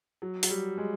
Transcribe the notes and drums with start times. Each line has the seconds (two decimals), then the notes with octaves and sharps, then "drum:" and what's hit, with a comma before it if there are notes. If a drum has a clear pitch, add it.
0.22 F#3
0.43 F#3, drum: open hi-hat
0.50 G3
0.78 G#3